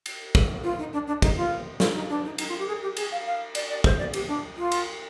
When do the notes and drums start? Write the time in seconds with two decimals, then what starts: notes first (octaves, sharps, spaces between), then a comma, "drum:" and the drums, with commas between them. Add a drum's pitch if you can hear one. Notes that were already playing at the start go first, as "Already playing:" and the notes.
0.06 drum: cymbal
0.35 drum: kick
0.63 F4
0.79 D#4
0.93 D4
1.07 D4
1.22 D#4, drum: kick, cymbal
1.37 F4
1.80 F4, drum: snare
1.95 D#4
2.09 D4
2.25 D#4
2.38 D#4, drum: cymbal
2.49 F4
2.59 G4
2.68 G#4
2.82 G4
2.97 G#4, drum: cymbal
3.12 F5
3.26 F5
3.55 D5, drum: cymbal
3.69 D5
3.84 C5, drum: kick
3.99 D5
4.14 G4, drum: cymbal
4.28 D4
4.57 F4
4.72 drum: cymbal